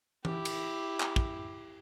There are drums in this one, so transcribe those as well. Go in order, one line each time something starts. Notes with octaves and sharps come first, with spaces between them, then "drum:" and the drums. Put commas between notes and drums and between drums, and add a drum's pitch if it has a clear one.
E4 G4, drum: tom E3
drum: cymbal
drum: clap
drum: kick